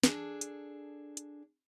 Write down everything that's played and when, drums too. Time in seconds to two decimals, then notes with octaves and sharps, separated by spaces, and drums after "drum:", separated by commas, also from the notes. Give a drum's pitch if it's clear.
0.03 D4 G#4 A4, drum: snare
0.41 drum: hi-hat
1.17 drum: hi-hat